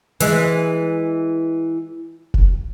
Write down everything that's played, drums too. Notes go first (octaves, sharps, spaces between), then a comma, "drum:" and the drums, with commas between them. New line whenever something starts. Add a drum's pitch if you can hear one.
E3 G#3, drum: hi-hat
drum: kick F1